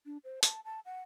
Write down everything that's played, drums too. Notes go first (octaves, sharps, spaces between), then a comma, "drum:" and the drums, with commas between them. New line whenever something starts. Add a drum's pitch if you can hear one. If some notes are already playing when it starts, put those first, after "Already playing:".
D4
C5
A5, drum: hi-hat
A5
F#5